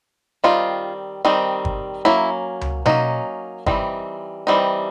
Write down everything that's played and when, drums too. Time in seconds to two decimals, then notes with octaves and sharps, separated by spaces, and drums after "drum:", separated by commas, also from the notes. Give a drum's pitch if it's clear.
0.44 D#3 G3 C4 D#4 F4
1.25 D#3 G3 C4 D#4
1.65 drum: kick G1
2.05 F#3 A#3 C#4 E4
2.61 drum: tom C#2
2.86 F#3 A#3 C#4 D#4, drum: tom B2
3.66 E3 G3 C4 D#4, drum: kick G1
4.47 E3 G3 C4 D#4